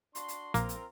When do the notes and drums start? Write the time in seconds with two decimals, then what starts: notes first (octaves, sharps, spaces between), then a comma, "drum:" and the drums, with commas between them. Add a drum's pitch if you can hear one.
0.15 D4 F#4 C6, drum: hi-hat
0.28 drum: hi-hat
0.54 A#1 A#3 C4 F4 A#4, drum: hi-hat
0.69 drum: hi-hat